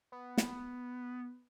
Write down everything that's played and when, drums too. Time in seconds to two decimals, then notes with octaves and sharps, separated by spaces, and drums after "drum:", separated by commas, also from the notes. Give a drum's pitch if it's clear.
0.12 B3
0.38 drum: snare